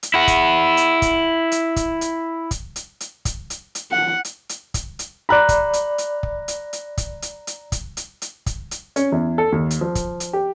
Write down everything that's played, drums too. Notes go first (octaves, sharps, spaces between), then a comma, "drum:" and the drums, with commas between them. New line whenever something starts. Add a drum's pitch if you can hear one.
drum: hi-hat
E4 F#5
drum: kick, hi-hat
drum: hi-hat
drum: kick, hi-hat
drum: hi-hat
drum: kick, hi-hat
drum: hi-hat
drum: kick, hi-hat
drum: hi-hat
drum: hi-hat
drum: kick, hi-hat
drum: hi-hat
drum: hi-hat
F#5
drum: hi-hat
drum: hi-hat
drum: kick, hi-hat
drum: hi-hat
D5 A#5 B5 F#6
drum: kick, hi-hat
drum: hi-hat
drum: hi-hat
drum: kick
drum: hi-hat
drum: hi-hat
drum: kick, hi-hat
drum: hi-hat
drum: hi-hat
drum: kick, hi-hat
drum: hi-hat
drum: hi-hat
drum: kick, hi-hat
drum: hi-hat
C#4, drum: hi-hat
E2
A4
D#2
drum: hi-hat
F3
drum: kick, hi-hat
drum: hi-hat
G4